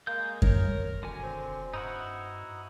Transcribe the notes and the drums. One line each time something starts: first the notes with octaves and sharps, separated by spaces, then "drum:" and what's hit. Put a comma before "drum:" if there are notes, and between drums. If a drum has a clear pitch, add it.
G#3 A#3 G6
A#4 C#5, drum: kick F#2
D#3
E1 D3 F#4 G#5
C4
G2 D#4 E4 F#4